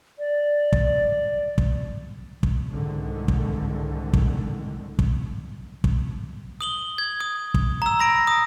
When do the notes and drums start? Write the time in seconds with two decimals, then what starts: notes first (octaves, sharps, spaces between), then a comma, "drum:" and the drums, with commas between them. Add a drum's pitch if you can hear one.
0.19 D5
0.72 drum: kick
1.58 drum: kick
2.43 drum: kick
2.71 C2 G#2 D3 D#3
3.28 drum: kick
4.13 drum: kick
4.99 drum: kick
5.84 drum: kick
6.61 D#6 F#7 G7
6.98 G#6
7.20 D#6
7.54 drum: kick
7.82 A#5 E6
7.99 B5 A#6 D7
8.27 D#6